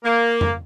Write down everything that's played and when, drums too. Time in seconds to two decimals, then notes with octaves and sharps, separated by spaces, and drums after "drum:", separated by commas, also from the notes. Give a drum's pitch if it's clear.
0.03 A#3
0.41 drum: tom F2